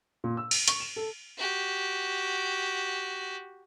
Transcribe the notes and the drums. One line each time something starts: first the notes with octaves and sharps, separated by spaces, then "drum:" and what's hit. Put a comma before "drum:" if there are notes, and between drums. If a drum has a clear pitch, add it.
A#2
E6
F7, drum: cymbal
C#6, drum: hi-hat
E7
A4
F#4 G4